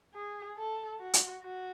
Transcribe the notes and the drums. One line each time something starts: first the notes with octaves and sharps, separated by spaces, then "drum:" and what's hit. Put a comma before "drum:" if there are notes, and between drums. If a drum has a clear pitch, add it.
G#4
A4
F#4
drum: hi-hat
F#4